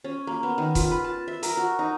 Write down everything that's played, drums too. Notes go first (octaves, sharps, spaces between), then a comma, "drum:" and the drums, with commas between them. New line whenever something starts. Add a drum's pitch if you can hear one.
C#4
A#3
B3
D#3
F4, drum: kick, hi-hat
B4
A5
E5
A#4, drum: hi-hat
F#4
D#4